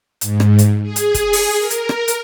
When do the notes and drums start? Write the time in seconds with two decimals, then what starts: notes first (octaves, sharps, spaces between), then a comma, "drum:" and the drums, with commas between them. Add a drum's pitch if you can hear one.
0.21 G#2, drum: hi-hat
0.40 drum: rim click
0.59 drum: hi-hat
0.82 G#4
0.96 drum: hi-hat
1.14 drum: kick, hi-hat
1.33 drum: open hi-hat
1.57 A#4
1.70 drum: hi-hat
1.89 drum: rim click
2.08 drum: hi-hat